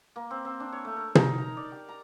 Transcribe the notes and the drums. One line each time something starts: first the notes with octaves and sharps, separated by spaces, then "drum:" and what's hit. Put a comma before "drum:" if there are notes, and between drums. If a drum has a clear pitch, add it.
A#3
C4
C4
D4
C#5
A3
A#4
D#4, drum: tom
A#5
D5
G4
A#5